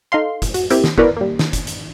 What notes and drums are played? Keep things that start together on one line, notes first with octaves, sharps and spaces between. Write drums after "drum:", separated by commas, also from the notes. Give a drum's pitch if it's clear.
D#4 A4 F5 C6
drum: kick, hi-hat
F#4, drum: hi-hat
A#3 C4 E4 G4, drum: hi-hat
drum: snare
B3 E4 F#4 A#4 B4 D5, drum: kick
G3 A#3
drum: snare
drum: kick, hi-hat
drum: hi-hat